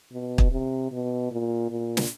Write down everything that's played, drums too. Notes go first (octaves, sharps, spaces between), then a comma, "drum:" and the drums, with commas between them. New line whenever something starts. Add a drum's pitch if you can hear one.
B2
drum: kick
C3
B2
A#2
A#2
drum: snare